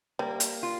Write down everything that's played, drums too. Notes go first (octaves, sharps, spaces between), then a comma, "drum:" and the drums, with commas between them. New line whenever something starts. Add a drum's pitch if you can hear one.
G3 A#3
drum: hi-hat
F4